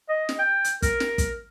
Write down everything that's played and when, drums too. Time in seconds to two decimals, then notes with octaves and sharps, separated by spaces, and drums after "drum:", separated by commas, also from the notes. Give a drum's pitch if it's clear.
0.09 D#5
0.29 drum: snare
0.39 G5
0.64 drum: hi-hat
0.82 A#4, drum: kick, hi-hat
1.00 drum: snare
1.18 drum: kick, hi-hat